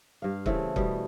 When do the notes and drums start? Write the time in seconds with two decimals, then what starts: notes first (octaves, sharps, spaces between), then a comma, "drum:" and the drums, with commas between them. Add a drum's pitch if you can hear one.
0.22 G2 F5
0.46 C#3 E3 A3 C4, drum: kick
0.76 B2 G3 B3, drum: kick